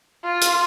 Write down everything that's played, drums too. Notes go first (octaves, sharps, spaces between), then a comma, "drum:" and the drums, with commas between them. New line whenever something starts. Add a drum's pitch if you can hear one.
F4
drum: hi-hat